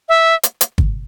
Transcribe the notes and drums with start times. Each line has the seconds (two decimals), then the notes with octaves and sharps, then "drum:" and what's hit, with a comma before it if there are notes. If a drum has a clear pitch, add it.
0.09 E5
0.43 drum: hi-hat
0.61 drum: hi-hat
0.78 drum: kick G1